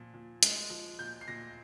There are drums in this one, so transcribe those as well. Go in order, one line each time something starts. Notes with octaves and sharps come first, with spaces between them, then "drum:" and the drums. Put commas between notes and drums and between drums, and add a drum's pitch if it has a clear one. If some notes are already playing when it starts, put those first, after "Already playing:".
Already playing: A#2 F3
A#2
G#3, drum: hi-hat
F3
A#2 G6
C7
A#2 A#6